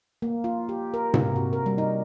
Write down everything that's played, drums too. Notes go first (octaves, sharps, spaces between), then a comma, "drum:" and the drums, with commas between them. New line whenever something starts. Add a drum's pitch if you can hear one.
A#3
F4
G4
A#4
C3, drum: tom G#2
F#4
A#4
G3
D#4